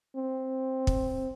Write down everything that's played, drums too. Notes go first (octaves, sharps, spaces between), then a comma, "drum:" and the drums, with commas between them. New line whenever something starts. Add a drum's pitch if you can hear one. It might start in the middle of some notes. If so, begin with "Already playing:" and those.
C4
drum: kick